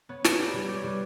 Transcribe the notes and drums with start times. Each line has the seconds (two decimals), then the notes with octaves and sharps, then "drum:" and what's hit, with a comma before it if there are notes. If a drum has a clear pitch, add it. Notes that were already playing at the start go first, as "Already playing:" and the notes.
0.09 B3 C#5
0.24 B3 B4, drum: snare
0.39 G4 D5
0.53 G3 D5
0.65 C#5
0.68 G4
0.76 C#5
0.84 G3 B4